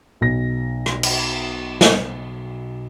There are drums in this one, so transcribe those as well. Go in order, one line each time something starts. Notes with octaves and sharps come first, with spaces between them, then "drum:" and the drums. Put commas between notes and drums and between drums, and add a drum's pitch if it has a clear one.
B1 A#6
drum: rim click
drum: cymbal
drum: snare